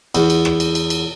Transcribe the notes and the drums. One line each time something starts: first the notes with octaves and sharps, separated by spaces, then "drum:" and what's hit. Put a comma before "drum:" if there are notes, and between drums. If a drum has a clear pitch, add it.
E2, drum: cymbal
drum: cymbal
drum: rim click
drum: cymbal
drum: cymbal
drum: cymbal